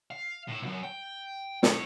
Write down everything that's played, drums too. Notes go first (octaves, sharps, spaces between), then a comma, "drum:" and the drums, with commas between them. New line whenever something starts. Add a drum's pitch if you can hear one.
F5
A2 E4
C#2 F#2
G5
A3 E4, drum: snare